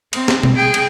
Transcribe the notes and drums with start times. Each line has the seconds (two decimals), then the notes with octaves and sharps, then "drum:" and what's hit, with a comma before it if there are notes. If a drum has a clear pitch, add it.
0.13 C4, drum: cymbal
0.28 drum: snare
0.43 drum: tom B2
0.55 G#4 G5
0.74 drum: cymbal